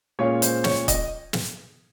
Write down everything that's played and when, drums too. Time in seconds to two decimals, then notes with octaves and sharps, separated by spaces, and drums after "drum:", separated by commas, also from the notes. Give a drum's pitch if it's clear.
0.19 A#2 G#3 C#4 F4 C#5
0.42 C5, drum: hi-hat
0.64 C#5, drum: snare
0.88 D#5, drum: kick, hi-hat
1.33 drum: snare